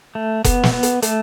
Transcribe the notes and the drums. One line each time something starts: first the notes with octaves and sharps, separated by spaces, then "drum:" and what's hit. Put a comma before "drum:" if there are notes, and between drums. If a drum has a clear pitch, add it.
A3
B3, drum: kick F1, hi-hat
drum: snare
B3
drum: hi-hat
A3, drum: hi-hat